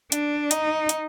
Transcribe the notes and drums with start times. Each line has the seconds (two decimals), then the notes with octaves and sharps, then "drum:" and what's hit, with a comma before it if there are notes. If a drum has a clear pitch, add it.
0.12 D4, drum: hi-hat
0.51 D#4, drum: hi-hat
0.89 drum: hi-hat